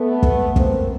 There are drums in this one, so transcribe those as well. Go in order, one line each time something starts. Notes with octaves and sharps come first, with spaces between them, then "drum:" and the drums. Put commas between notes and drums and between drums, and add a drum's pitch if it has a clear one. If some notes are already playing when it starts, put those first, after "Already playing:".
Already playing: A3 B3
drum: kick
A#3 C4, drum: kick